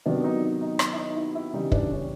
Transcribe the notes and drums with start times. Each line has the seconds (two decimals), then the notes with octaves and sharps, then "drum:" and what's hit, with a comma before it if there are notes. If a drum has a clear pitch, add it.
0.06 C3 D#3 F#3 B3 D4
0.24 D#4
0.61 D#4
0.79 D#4, drum: rim click
0.93 E4
0.98 D#4
1.16 E4
1.35 E4
1.53 C#3 E3 G3 D#4
1.72 D4, drum: kick
1.91 C#4